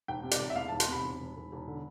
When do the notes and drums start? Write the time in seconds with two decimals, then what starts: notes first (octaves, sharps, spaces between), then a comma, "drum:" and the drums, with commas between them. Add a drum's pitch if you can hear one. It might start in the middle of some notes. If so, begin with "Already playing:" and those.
0.08 E1 G5
0.23 C3
0.31 D5, drum: hi-hat
0.40 E1
0.50 E5
0.55 E2 F5
0.68 E1 A5
0.80 C6, drum: hi-hat
0.88 C3 B5
1.04 E1
1.20 E1
1.36 E1
1.52 E1
1.68 D3